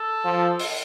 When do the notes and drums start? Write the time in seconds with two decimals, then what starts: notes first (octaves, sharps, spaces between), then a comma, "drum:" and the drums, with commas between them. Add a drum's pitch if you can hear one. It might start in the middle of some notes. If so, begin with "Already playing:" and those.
Already playing: A4
0.25 F3
0.59 drum: open hi-hat